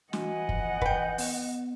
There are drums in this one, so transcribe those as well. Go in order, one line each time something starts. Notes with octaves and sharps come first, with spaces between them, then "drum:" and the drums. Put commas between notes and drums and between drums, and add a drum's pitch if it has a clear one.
E3 F#4 D#5 F#5 G#5, drum: snare
F3, drum: kick
B4 G5, drum: kick
B3, drum: open hi-hat